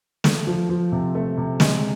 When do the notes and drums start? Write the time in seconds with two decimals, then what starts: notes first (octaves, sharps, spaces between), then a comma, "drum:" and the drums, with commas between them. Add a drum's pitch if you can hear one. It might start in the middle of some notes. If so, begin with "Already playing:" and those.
0.24 A3, drum: snare
0.47 F3
0.69 F3
0.92 C3
1.15 A3
1.37 C3
1.60 G#3, drum: snare